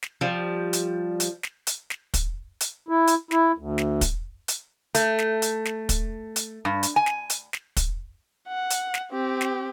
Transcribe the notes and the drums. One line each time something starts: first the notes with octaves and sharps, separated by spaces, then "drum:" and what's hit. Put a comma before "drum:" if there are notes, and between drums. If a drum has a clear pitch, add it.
drum: snare
F3 G3
drum: hi-hat
drum: hi-hat
drum: snare
drum: hi-hat
drum: snare
drum: kick, hi-hat
drum: hi-hat
E4
drum: hi-hat
E4, drum: snare
D2
drum: snare
drum: kick, hi-hat
drum: hi-hat
A3, drum: hi-hat
drum: snare
drum: hi-hat
drum: snare
drum: kick, hi-hat
drum: hi-hat
G2
drum: hi-hat
G#5
drum: snare
drum: hi-hat
drum: snare
drum: kick, hi-hat
F#5
drum: hi-hat
drum: snare
C4 G4
drum: snare